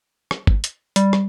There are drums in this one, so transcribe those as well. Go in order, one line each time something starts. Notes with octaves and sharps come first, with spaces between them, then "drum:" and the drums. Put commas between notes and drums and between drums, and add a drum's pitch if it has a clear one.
drum: rim click
drum: kick G1
drum: hi-hat
G3, drum: hi-hat
drum: rim click